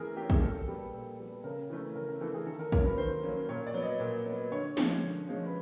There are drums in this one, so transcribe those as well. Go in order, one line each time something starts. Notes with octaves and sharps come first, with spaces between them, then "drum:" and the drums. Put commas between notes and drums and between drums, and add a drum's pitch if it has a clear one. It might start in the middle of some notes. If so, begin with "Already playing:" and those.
Already playing: E3 A3 C#4 G#4 A#4
A3 C#4 G4
G#4, drum: kick
A#2 A4
G3 B3
A#2
G3 B3
C#3 A#4
E3 A3 C#4
C#3 A#4
A#4
E3 A3 C#4 A4
G#4
D#3 A4
A#4
F#3 A#3 C#4 A#4, drum: kick
B4
D#3 C5
F#3 A#3 C#4
A#2 C#5
D5
F#3 B3
D#5
A#2
F#3 B3
D3 C#5
F3 G#3 C#4, drum: snare
D3
F3 G#3 C#4
B4